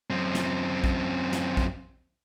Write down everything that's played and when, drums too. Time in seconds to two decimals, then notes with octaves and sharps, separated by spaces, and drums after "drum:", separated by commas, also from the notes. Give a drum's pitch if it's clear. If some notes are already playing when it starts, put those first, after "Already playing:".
0.10 F#2 C4
0.35 drum: snare
0.84 drum: kick A#1
1.33 drum: snare
1.57 drum: kick A#1